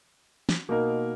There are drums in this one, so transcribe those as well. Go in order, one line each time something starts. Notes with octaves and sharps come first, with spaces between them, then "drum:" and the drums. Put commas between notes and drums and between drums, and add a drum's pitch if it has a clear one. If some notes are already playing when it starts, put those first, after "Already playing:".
drum: snare
B2 A#3 D#4 A#4